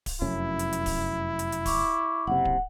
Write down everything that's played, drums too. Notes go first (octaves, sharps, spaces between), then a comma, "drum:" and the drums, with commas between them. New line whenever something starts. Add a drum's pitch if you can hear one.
drum: kick D1, open hi-hat
F1 F#2 C#4 E4
drum: hi-hat
drum: hi-hat
drum: kick D1, open hi-hat
drum: hi-hat
drum: hi-hat
C#6 D6, drum: kick D1, open hi-hat
F#1 C3 F#5
drum: kick D1